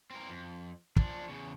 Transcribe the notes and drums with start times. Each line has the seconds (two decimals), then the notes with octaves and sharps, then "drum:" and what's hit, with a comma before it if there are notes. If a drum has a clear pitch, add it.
0.11 C4 A#4
0.29 F2
0.96 F3 D4, drum: kick
1.29 E2 C#3